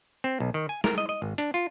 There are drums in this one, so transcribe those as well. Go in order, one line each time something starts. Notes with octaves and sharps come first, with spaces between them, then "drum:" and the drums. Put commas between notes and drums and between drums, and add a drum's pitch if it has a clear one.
C4
B1
D#3
G#5
A#4, drum: snare
D#5
D#5
G#1
D4, drum: hi-hat
F4